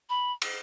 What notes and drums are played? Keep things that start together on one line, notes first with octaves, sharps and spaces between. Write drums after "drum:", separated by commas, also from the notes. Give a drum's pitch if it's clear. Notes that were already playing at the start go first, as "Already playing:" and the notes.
B5
drum: cymbal